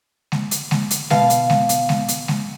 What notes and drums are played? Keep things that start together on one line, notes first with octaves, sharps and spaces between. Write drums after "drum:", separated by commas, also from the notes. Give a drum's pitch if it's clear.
drum: snare G#3
drum: hi-hat
drum: snare G#3
drum: hi-hat
B2 F5, drum: snare G#3
drum: hi-hat
drum: snare G#3
drum: hi-hat
drum: snare G#3
drum: hi-hat
drum: snare G#3